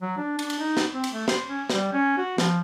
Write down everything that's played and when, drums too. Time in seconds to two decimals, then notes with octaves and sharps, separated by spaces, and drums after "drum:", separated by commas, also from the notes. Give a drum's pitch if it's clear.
0.02 F#3
0.17 D4
0.39 D4, drum: cymbal
0.50 drum: cymbal
0.59 D#4
0.77 drum: snare
0.94 C4
1.04 drum: cymbal
1.13 A3
1.28 C5, drum: snare
1.49 C#4
1.70 G3, drum: snare
1.93 C#4
2.18 F#4
2.38 F3, drum: snare